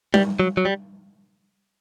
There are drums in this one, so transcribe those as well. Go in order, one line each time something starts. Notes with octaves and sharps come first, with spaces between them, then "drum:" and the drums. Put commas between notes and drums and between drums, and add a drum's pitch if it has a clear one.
G3, drum: tom G3
F#3
F#3
G3